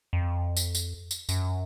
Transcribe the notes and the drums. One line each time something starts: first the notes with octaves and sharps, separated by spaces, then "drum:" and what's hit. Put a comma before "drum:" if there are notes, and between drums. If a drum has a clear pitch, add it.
F2
drum: tambourine
drum: tambourine
drum: tambourine
F#2, drum: tambourine